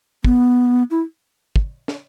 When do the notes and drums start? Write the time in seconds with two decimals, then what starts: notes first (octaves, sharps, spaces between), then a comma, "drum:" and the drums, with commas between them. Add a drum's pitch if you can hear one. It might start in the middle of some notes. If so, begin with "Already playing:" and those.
0.24 B3, drum: kick
0.91 E4
1.56 drum: kick
1.88 drum: snare